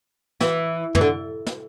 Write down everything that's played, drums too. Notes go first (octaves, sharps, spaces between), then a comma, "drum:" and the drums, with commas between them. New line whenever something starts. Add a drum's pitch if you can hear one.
E3, drum: snare
E3, drum: tom
D3
drum: snare